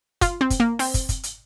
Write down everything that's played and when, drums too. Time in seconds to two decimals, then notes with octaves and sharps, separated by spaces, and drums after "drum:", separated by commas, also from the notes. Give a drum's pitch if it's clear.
0.21 F4, drum: kick, hi-hat
0.41 C4
0.50 drum: kick, hi-hat
0.60 A#3
0.79 C4, drum: open hi-hat
0.94 drum: kick, hi-hat
1.09 drum: kick, hi-hat
1.23 drum: hi-hat